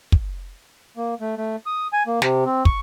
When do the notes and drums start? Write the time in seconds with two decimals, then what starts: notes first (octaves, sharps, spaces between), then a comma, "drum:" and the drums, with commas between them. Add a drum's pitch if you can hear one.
0.12 drum: kick
0.97 A#3
1.21 A3
1.38 A3
1.66 D#6
1.93 G#5
2.07 A#3
2.22 C3, drum: snare
2.46 C4
2.65 C#6, drum: kick